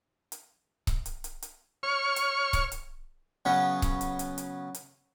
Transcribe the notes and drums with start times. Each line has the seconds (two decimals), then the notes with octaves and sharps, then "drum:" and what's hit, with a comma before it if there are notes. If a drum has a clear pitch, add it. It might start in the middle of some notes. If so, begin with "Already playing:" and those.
0.32 drum: hi-hat
0.87 drum: kick C#1, hi-hat
1.06 drum: hi-hat
1.24 drum: hi-hat
1.42 drum: hi-hat
1.83 C#5 C#6 F6
2.16 drum: hi-hat
2.53 drum: kick C#1, hi-hat
2.72 drum: hi-hat
3.45 C#3 F#3 B3 C#4
3.82 drum: kick C#1, hi-hat
4.01 drum: hi-hat
4.19 drum: hi-hat
4.38 drum: hi-hat
4.74 drum: hi-hat